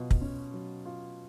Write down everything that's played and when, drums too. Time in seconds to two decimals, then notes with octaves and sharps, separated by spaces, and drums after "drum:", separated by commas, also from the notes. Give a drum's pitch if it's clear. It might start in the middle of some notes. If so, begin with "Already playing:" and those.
Already playing: B2 F#3 F4
0.11 drum: kick
0.21 C#4
0.54 F#3
0.85 F4